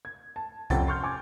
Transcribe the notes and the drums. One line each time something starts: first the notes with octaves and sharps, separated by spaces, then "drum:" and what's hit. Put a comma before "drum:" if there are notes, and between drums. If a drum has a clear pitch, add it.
G#6
A5
F2 C3 C#4 F#5 G5 A6, drum: kick C2, hi-hat
C6 C#6 F6 G6
G#5 D6 G#6